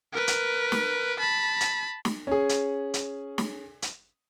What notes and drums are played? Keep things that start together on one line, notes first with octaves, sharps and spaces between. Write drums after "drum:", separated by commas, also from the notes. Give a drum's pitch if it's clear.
A#4 B4
drum: hi-hat
drum: snare
A5 B5
drum: hi-hat
drum: snare
C#4 G#4
drum: hi-hat
drum: hi-hat
drum: snare
drum: hi-hat